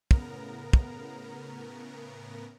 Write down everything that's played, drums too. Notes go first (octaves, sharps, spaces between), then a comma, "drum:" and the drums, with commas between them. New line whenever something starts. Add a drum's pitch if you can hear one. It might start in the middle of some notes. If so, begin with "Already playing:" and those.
A2 C#3 B3 A#4 A#5, drum: kick
drum: kick